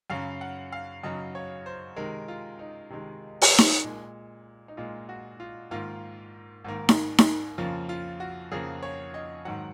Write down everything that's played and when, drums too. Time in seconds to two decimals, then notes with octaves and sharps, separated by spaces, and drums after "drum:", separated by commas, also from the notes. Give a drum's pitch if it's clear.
0.10 F#2 C#3 F#3 F5
0.41 F#5
0.72 F5
1.03 F#2 C#3 F#3 D#5
1.35 C#5
1.66 C5
1.96 C3 D#3 G#3 A#4
2.28 F4
2.59 D#4
2.90 C3 D#3 G#3
3.42 drum: open hi-hat
3.58 drum: snare D#4
3.84 A#2 G#3
4.68 D#4
4.77 A#2 G#3 F4
5.09 F#4
5.40 F4
5.71 G#2 D#3 A#3 F4
6.65 G#2 D#3 A#3
6.89 drum: snare D#4
7.18 drum: snare D#4
7.58 F2 C#3 F3 A#3 F4
7.89 F4
8.20 F#4
8.52 F2 C#3 F3 A#3 G#4
8.83 C#5
9.14 D#5
9.45 G#2 D#3 F#3 F#5